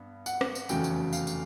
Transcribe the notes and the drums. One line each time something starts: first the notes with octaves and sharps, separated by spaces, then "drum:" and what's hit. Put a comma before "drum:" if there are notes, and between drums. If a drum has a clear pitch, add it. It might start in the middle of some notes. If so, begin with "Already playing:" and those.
Already playing: G2 B3
F#5, drum: tambourine
drum: rim click
drum: tambourine
F1 E2 C#3 F#3 A3 G5, drum: tambourine
drum: tambourine
F5, drum: tambourine
drum: tambourine